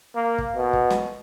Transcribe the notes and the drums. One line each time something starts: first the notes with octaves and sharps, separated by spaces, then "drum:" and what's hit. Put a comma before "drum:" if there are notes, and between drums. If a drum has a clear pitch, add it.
A#3
drum: kick
B2
drum: kick
drum: snare